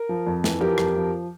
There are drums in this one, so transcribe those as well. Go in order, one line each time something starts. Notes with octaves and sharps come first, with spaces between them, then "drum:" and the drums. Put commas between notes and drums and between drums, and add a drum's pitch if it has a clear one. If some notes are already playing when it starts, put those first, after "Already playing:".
Already playing: A#4
F3
F2
E3, drum: snare
F3 G4 A#4
F2, drum: rim click
F3